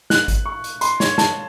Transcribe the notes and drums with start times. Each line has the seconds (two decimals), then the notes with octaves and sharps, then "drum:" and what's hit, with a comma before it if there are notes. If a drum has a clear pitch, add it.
0.10 F#6, drum: snare
0.28 drum: kick, hi-hat
0.46 C#6
0.64 drum: hi-hat
0.81 C6, drum: hi-hat
1.00 C#5, drum: snare
1.18 A5, drum: snare